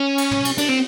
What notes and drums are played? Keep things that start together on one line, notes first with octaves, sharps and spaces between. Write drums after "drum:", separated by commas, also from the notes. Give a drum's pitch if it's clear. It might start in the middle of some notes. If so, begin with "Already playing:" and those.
Already playing: C#4
drum: cymbal
drum: tom
drum: cymbal
D4, drum: cymbal
C4